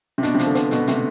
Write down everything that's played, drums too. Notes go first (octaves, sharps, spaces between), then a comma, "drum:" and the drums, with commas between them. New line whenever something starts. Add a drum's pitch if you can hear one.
C3
B2 D4, drum: hi-hat
C3
F3, drum: hi-hat
D3
B3, drum: hi-hat
B2 D3, drum: hi-hat
C3 A3, drum: hi-hat